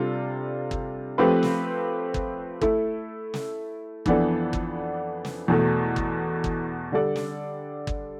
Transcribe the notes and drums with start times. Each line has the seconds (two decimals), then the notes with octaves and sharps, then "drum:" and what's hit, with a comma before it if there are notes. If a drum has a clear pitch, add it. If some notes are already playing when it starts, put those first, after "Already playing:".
Already playing: C3 G3 D4 F4 A4
0.71 drum: kick
1.18 F3 A3 C4 G4 B4
1.43 drum: snare
2.14 drum: kick
2.61 A3 E4 A4, drum: kick
3.34 drum: snare
4.06 F2 E3 B3 D4 A4, drum: kick
4.53 drum: kick
5.25 drum: snare
5.48 E2 B2 A3
5.96 drum: kick
6.44 drum: kick
6.92 D3 G3 D4 A4 D5
7.16 drum: snare
7.87 drum: kick